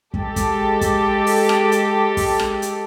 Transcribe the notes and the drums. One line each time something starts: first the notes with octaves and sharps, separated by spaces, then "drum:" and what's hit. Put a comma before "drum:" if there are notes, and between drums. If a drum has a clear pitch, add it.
G#3 G4 A4, drum: kick
drum: kick, hi-hat
drum: kick, hi-hat
drum: open hi-hat
drum: rim click
drum: hi-hat
drum: kick, open hi-hat
drum: rim click
drum: hi-hat